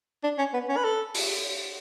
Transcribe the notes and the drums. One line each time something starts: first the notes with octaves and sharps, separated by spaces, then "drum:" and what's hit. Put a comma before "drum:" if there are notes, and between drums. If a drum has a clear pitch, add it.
D4
C#4
B3
C#4
B4
A4
drum: open hi-hat